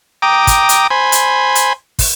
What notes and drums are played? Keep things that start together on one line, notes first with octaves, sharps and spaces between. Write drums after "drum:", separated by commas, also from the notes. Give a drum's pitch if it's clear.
G5 A#5 D6 D#6
drum: kick, hi-hat
drum: hi-hat
C5 G#5 B5
drum: hi-hat
drum: hi-hat
drum: kick, open hi-hat